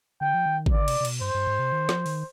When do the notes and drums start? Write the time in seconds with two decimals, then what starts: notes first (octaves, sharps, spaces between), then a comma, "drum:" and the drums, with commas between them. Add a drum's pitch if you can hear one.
0.21 D3 G5
0.34 F3
0.46 D#3
0.66 C3, drum: kick G#1
0.71 D3 D5
0.88 C3, drum: cymbal
1.00 C3
1.05 B2, drum: cymbal
1.21 G2 C5
1.34 G2
1.47 G#2
1.59 C3
1.72 D#3
1.89 F3, drum: snare
2.06 D#3, drum: open hi-hat